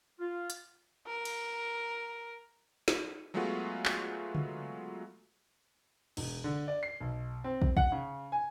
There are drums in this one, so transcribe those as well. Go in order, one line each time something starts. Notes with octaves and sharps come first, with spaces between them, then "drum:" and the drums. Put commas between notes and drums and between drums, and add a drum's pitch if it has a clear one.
F4
drum: hi-hat
A#4
drum: cymbal
drum: snare
F#3 G#3 A3 B3 F4 F#4
drum: clap
drum: tom C#3
E1, drum: cymbal
D3
D5
C7
B1
C4
drum: kick
F#5, drum: kick
C#3
G#5